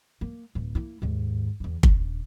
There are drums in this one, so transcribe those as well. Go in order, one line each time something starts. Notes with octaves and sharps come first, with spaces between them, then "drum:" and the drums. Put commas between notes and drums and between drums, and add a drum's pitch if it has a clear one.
A#3
D1
A#3 E4
D#2 G#2
E2 D3
D#1 D4, drum: kick